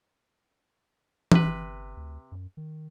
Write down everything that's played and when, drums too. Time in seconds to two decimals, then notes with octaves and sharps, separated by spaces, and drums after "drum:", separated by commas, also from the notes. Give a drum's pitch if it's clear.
1.32 C3 B4, drum: tom E3
1.44 G1
1.97 D2
2.32 F#2
2.57 D#3